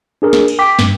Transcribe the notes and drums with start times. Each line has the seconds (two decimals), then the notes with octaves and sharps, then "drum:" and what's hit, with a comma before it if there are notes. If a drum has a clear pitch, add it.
0.22 D4 G#4 A#4
0.33 drum: snare
0.48 drum: cymbal
0.59 G5 D6 B6
0.79 G2, drum: snare